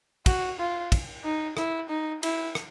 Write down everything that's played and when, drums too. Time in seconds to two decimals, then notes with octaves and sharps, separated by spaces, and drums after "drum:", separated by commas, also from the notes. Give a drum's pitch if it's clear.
0.26 F#4, drum: kick, cymbal
0.60 F4
0.92 drum: kick, cymbal
1.24 D#4
1.57 E4, drum: rim click
1.89 D#4
2.23 E4, drum: cymbal
2.55 drum: rim click